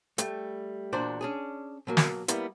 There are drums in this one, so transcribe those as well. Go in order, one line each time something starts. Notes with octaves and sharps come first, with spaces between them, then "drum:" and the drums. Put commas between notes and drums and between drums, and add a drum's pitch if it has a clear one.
G3 A3, drum: hi-hat
E2 A#2 D4 F#4 C5 D5
C#4 D4 G#4
B2 F#3 A#3
drum: snare
G3 A#3 B3 E4, drum: hi-hat